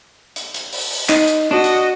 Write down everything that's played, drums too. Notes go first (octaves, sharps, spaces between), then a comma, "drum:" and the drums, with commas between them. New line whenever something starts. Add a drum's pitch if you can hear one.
drum: hi-hat
drum: hi-hat
drum: open hi-hat
drum: open hi-hat
D#4, drum: clap
drum: hi-hat
D4 F#4 D#5
drum: hi-hat